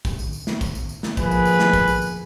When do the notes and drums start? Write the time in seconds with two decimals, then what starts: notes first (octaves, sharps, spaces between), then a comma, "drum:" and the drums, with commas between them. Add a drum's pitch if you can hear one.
0.05 drum: kick, tambourine
0.19 drum: tambourine
0.33 drum: tambourine
0.47 drum: snare
0.61 drum: kick, tambourine
0.75 drum: tambourine
0.89 drum: tambourine
1.03 drum: snare
1.17 F3 A#3 G#4 B4, drum: kick, tambourine
1.31 drum: tambourine
1.45 drum: tambourine
1.59 drum: snare
1.73 drum: kick, tambourine
1.88 drum: tambourine
2.02 drum: tambourine